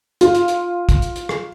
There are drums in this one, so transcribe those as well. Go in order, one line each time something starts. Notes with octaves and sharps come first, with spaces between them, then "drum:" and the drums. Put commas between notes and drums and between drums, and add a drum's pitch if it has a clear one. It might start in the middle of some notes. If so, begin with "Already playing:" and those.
F4, drum: hi-hat
drum: hi-hat
drum: hi-hat
drum: kick, hi-hat
drum: hi-hat
drum: hi-hat
drum: rim click